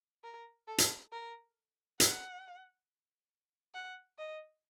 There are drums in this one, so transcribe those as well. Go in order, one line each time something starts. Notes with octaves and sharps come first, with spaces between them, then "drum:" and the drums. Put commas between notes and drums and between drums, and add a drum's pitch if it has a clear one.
A#4
A4
drum: hi-hat
A#4
F#5, drum: hi-hat
F#5
D#5